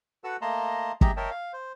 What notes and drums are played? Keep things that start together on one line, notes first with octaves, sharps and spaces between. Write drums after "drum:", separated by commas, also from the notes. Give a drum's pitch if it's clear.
F#4 A4 B4 F#5 E6
A3 A#3 D#5 A5 A#5 C6
G4 G#4 D#5 E5 A#5, drum: kick
A#4 C#5 D#5 E5 G5 A5
F5
C5